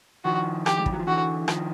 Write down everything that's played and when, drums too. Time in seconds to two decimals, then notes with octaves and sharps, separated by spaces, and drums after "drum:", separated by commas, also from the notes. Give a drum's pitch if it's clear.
0.25 D#3 F3 F#4
0.66 G4, drum: rim click
0.79 G#3
0.86 G3, drum: kick
0.93 F#3
0.99 F3
1.07 D3 E3 F#4
1.48 D#3 F3, drum: rim click